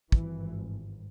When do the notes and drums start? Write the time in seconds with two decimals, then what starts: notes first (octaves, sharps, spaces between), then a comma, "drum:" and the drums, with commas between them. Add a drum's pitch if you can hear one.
0.12 G#1 G2 E3, drum: kick